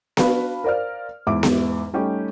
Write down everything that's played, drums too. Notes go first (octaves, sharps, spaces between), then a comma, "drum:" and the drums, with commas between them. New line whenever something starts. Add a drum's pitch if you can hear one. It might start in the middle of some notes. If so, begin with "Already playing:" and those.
D4 F#4 B4 F5 B5, drum: snare B3
A#4 C5 D5 F5 F6
E2 G#2 E5 D6
drum: snare B3
G3 A3 C#4 D#4 G4